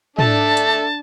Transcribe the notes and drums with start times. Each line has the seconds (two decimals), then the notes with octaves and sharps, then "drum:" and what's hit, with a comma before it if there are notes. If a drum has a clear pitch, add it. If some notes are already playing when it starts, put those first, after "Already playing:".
0.19 D4 A4 E5 A5, drum: tom
0.57 drum: hi-hat